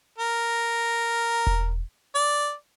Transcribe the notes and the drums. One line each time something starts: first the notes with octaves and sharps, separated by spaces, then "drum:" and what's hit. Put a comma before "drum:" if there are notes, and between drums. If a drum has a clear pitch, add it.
A#4
drum: kick E1
D5